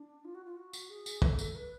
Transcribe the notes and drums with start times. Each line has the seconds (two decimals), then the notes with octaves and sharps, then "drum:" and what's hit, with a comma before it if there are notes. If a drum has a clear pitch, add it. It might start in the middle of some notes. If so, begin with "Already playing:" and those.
Already playing: D4
0.25 F4
0.35 F#4
0.45 F4
0.57 F#4
0.73 drum: tambourine
0.90 G#4
1.06 drum: tambourine
1.22 A4, drum: kick
1.39 drum: tambourine
1.55 B4